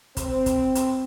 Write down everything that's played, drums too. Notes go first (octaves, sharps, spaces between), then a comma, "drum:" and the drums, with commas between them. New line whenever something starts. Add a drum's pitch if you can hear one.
C4, drum: kick, hi-hat
drum: kick, hi-hat
drum: hi-hat